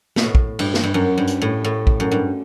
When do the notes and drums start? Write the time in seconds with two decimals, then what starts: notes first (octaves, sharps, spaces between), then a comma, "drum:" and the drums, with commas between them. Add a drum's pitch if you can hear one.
0.16 B2, drum: snare
0.23 A2
0.35 drum: kick
0.59 G2, drum: cymbal
0.74 drum: snare
0.83 G2
0.94 F#2
1.18 G2
1.27 drum: hi-hat
1.42 A2
1.64 A2
1.87 drum: kick
2.00 F#2
2.11 G2